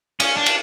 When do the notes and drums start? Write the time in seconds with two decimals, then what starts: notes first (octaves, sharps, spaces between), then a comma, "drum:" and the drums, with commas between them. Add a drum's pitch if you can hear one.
0.20 C#4, drum: cymbal
0.37 D4
0.46 drum: cymbal